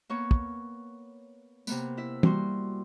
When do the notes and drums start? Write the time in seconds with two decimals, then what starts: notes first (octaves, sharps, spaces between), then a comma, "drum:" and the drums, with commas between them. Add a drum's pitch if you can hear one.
0.09 A#3 B3 C#5 C#6
0.31 drum: kick
1.67 C3 A#3 B3, drum: tambourine
1.97 E4 E5
2.23 G3 A#3 F#4 C6, drum: tom